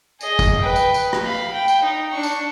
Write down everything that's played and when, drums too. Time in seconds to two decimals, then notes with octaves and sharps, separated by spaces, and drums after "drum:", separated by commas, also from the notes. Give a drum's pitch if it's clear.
0.21 G#4 D#5, drum: tambourine
0.39 drum: kick, tambourine
0.61 B4 G5
0.76 drum: tambourine
0.94 drum: tambourine
1.13 drum: rim click
1.24 F5 B5
1.53 G5
1.68 drum: tambourine
1.83 D#4
2.12 D4 C#6
2.23 drum: tambourine